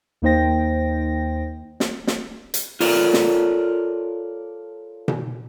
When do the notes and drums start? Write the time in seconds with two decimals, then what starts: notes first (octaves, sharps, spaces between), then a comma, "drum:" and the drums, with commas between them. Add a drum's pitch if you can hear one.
0.22 D#2 A#3 D#4 C5 G5 A#6
1.80 drum: snare
2.07 drum: snare
2.54 drum: hi-hat
2.80 F4 A4 A#4 C#5 D5, drum: open hi-hat
3.14 drum: snare
5.08 drum: tom B2